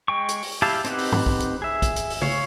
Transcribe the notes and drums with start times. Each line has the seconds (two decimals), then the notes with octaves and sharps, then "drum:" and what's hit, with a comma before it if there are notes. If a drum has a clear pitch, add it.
0.08 G#3 G5 C#6
0.29 drum: hi-hat
0.43 drum: open hi-hat
0.62 E4 G4 F5 A5
0.84 C4 D#4 G4 B4 F#5, drum: hi-hat
0.98 drum: open hi-hat
1.12 drum: tom
1.26 drum: kick
1.40 drum: hi-hat
1.62 G#4 E5
1.82 drum: kick, hi-hat
1.96 drum: hi-hat
2.10 drum: open hi-hat
2.22 C#5 F5, drum: tom C#3